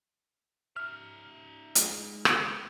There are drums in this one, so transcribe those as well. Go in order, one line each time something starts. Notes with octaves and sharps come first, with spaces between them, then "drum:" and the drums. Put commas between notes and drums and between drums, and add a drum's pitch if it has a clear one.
D#4 E5 F6
G#3, drum: hi-hat
drum: rim click